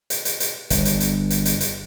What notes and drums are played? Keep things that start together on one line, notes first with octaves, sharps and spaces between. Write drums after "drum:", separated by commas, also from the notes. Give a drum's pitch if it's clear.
drum: hi-hat
drum: hi-hat
drum: hi-hat
G1, drum: hi-hat
drum: hi-hat
drum: hi-hat
drum: hi-hat
drum: hi-hat
drum: hi-hat